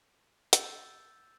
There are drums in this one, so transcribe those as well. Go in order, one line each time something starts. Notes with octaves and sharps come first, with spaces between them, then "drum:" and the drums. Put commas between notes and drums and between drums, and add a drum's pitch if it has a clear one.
E6 G6 A6, drum: hi-hat